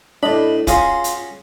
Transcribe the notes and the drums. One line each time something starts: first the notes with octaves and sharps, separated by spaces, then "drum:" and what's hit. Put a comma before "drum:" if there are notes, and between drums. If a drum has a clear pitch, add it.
A2 D4 D#5 B5
C#4 F4 F#4 G#4 F5 C6, drum: kick, hi-hat
drum: hi-hat